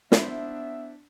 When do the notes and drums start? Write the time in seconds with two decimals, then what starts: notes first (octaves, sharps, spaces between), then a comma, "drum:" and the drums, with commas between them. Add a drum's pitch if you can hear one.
0.12 B3 D4 E4 C5 E5, drum: snare